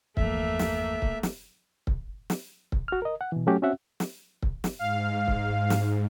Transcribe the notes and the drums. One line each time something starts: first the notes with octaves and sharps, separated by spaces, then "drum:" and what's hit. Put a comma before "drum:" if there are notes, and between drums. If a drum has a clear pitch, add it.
G1 E2 F3 A3 A#3 E5, drum: kick C#1
drum: snare
drum: kick C#1
drum: snare
drum: kick C#1
drum: snare
drum: kick C#1
F#4 F6
A#4 D#5
F#5
B2 E3
F#3 A3 C#4 F#4 G4
C4 C#4 F#4 E5 F#5
drum: snare
drum: kick C#1
drum: snare
G#2 F5
drum: kick C#1
drum: snare